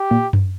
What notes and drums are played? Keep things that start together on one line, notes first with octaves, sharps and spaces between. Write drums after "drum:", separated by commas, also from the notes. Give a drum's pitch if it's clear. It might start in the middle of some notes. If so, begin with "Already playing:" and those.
Already playing: G4
A#2
drum: tom F#2